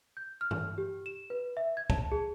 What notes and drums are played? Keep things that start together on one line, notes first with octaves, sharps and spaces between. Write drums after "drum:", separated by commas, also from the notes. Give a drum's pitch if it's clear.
G6
F6
drum: tom G2
G4
E7
B4
E5
G#6
A5, drum: kick
G#4